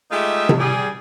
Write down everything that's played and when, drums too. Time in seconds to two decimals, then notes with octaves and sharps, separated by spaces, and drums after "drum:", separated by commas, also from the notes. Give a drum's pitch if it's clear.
0.11 G#3 A3 D#4 F4 G4 E5
0.49 drum: tom C3
0.58 G3 G#4